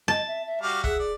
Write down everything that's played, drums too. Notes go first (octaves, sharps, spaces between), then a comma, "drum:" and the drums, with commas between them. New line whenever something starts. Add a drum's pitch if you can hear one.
D#5 A5
E5
E5
G3 F#4 F5 D6
G#4 E5 F#5, drum: kick
D5